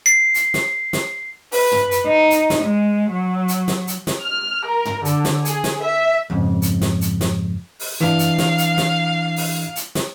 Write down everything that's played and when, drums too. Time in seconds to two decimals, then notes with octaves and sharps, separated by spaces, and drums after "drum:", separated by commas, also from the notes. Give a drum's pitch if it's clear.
0.06 C7
0.34 drum: hi-hat
0.54 drum: snare
0.93 drum: snare
1.52 B4, drum: open hi-hat
1.72 drum: tom
1.91 drum: hi-hat
2.05 D#4
2.30 drum: hi-hat
2.50 drum: snare
2.63 G#3
3.11 F#3
3.48 drum: hi-hat
3.68 drum: snare
3.87 drum: hi-hat
4.07 drum: snare
4.23 F6
4.66 A#4
4.85 drum: tom
5.05 D3, drum: hi-hat
5.25 drum: snare
5.45 G#4, drum: hi-hat
5.64 drum: snare
5.82 E5
6.30 F2 G#2 C#3
6.62 drum: hi-hat
6.81 drum: snare
7.01 drum: hi-hat
7.21 drum: snare
7.80 drum: open hi-hat
8.00 E3 D4 F5, drum: tom
8.19 drum: hi-hat
8.38 drum: snare
8.58 drum: hi-hat
8.78 drum: snare
9.36 drum: open hi-hat
9.76 drum: hi-hat
9.95 drum: snare